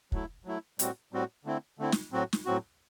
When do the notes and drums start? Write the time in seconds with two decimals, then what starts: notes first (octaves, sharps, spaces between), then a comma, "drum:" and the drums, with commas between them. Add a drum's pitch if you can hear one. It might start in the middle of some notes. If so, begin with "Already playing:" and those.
0.12 F#3 A3 E4, drum: kick
0.45 F#3 A3 E4
0.79 A2 G3 C4 F#4, drum: hi-hat
1.13 A2 G3 C4 F#4
1.45 D3 A3 C4 E4
1.79 D3 A3 C4 E4
1.92 drum: snare
2.12 A2 F#3 C4 F#4
2.33 drum: snare
2.45 A2 F#3 C4 F#4